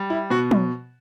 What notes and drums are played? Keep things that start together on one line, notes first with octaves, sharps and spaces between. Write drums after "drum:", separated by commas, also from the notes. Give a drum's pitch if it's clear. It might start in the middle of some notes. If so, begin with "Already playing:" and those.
Already playing: G3
E4
B2 F#4
drum: tom